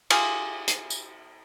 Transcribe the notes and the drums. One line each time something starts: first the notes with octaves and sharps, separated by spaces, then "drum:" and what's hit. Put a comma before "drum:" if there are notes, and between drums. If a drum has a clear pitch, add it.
F4 G4 G#4, drum: cymbal
drum: hi-hat
drum: tambourine